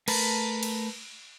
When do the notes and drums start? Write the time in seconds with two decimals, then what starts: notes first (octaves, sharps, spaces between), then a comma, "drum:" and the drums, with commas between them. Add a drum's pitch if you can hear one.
0.08 A3 A#4 B4 A5, drum: cymbal
0.63 drum: cymbal